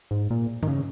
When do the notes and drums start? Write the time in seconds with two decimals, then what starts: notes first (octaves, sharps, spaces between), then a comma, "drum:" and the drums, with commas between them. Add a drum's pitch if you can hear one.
0.11 G#2
0.30 A#2
0.63 D#3, drum: tom G2
0.67 C#3